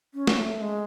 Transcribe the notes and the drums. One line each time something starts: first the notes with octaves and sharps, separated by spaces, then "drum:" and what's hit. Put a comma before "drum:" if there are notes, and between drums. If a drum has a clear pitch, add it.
C#4
drum: snare
A3
G#3